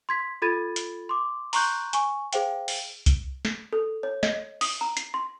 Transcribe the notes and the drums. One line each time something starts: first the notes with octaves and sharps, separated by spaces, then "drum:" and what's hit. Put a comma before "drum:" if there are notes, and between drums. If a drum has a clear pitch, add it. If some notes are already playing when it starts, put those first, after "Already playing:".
C6 G#6 B6
F4 A4 B5 G#6 A6 D#7
drum: hi-hat
C6 D6
A#5 C6 C#6 F#6 G6, drum: open hi-hat
G#5 C#6, drum: hi-hat
G#4 C5 F5 G5, drum: hi-hat
drum: open hi-hat
drum: kick C2, hi-hat
drum: snare
A4
C#5
D#5, drum: snare
D#6, drum: open hi-hat
A#5
C7, drum: hi-hat
C6